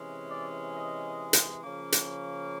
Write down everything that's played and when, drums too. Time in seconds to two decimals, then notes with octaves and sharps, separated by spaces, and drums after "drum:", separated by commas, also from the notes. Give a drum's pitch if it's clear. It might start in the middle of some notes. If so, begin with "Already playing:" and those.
Already playing: C3 E3 G#3 C#4
0.29 D5
0.74 D#5
1.33 drum: hi-hat
1.63 C#3 F3 A#3 C#4
1.92 drum: hi-hat